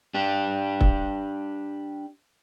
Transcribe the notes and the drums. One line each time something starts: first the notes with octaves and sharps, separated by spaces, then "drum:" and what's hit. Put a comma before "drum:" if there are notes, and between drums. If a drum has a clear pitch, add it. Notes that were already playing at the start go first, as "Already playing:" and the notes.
D4 G4
drum: kick